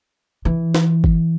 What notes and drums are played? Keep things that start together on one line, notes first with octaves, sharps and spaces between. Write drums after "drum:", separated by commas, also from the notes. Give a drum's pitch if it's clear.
E3
drum: snare
drum: kick